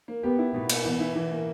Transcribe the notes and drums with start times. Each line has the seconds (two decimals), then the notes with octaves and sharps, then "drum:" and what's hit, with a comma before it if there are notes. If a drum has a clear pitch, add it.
0.08 A#3
0.23 B3 G4
0.39 E4
0.54 B2 B3
0.70 A#3, drum: cymbal
0.85 E3 B3
1.00 E4
1.15 E3
1.31 A#3